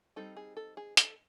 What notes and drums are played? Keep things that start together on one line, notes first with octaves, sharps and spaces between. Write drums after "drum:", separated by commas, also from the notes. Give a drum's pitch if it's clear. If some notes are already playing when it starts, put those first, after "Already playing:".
G3 C4 D#4 A4
G#4
A4
G#4
A4, drum: hi-hat